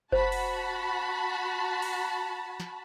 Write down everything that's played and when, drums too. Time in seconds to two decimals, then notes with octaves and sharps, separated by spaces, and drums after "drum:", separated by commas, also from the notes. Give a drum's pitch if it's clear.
0.12 F#4 C5 A5 B5, drum: kick F#1
0.32 drum: cymbal
1.82 drum: cymbal
2.60 drum: snare